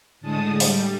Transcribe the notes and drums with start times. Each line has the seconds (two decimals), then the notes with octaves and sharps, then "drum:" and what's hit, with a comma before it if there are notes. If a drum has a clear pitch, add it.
0.21 A2 D3 G#3 A5 D#6
0.60 G3, drum: open hi-hat